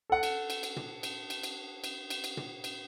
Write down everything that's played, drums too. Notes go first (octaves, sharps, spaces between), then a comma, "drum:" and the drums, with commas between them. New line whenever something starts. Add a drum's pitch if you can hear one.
A4 F#5
drum: cymbal
drum: cymbal
drum: cymbal
drum: tom
drum: cymbal
drum: cymbal
drum: cymbal
drum: cymbal
drum: cymbal
drum: cymbal
drum: tom
drum: cymbal